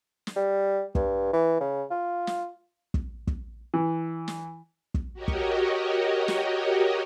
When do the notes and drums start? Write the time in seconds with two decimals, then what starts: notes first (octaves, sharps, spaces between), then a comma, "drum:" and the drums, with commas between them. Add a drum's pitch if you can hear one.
0.27 drum: snare
0.36 G3
0.95 G2, drum: kick
1.33 E3
1.60 C#3
1.90 F4
2.27 drum: snare
2.94 drum: kick
3.27 drum: kick
3.74 E3
4.28 drum: snare
4.94 drum: kick
5.14 F#4 G4 A#4 C#5 D#5
5.28 drum: kick
6.28 drum: snare